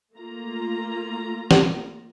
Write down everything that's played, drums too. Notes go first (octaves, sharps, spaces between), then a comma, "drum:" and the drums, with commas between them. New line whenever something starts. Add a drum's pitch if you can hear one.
A3 A#3 F4 A#5
drum: snare